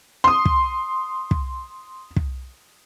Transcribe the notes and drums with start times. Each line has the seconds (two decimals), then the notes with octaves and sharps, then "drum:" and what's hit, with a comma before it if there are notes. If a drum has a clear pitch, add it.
0.24 C6 D#6
0.45 drum: kick
1.31 drum: kick
2.16 drum: kick